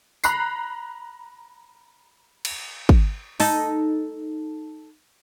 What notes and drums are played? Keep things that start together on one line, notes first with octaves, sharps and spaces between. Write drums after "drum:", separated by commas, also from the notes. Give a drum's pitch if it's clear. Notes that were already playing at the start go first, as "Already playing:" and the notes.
A#5 B5 F#6 C7, drum: tambourine
drum: cymbal
drum: kick
D#4 A4, drum: open hi-hat